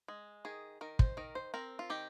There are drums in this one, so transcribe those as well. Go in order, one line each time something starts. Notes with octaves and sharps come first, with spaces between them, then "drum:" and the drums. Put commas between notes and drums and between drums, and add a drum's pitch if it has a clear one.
G#3
D#3 G#4
D#3 A#4
C5, drum: kick
D#3 A#4
C5
C4 A#4
F4
D#3 G4